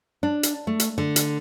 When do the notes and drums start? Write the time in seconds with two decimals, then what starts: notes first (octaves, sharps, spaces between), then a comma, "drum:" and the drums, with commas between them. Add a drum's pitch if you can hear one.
0.23 D4
0.43 drum: hi-hat
0.67 A3
0.80 drum: hi-hat
0.98 D3
1.16 drum: hi-hat